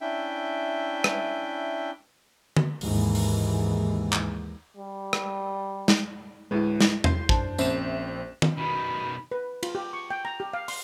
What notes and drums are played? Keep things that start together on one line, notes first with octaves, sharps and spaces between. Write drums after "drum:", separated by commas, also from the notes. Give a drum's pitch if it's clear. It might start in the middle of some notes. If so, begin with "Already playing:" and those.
C#4 D4 E4 E5 G5
drum: rim click
drum: tom D3
D#2 G#2 E3, drum: open hi-hat
drum: open hi-hat
drum: clap
G3
drum: rim click
drum: snare
D2 A2 G#3 E4 B4
drum: snare
C6 G6 C7, drum: tom E2
F#2 D4 C5 A5, drum: kick
A#1 C4 C#4 C5 E5 E7, drum: tambourine
drum: tom
B2 D#3 B5
B4
F4, drum: cymbal
G4
C#6
G5
A#5
G4
F5
C6, drum: open hi-hat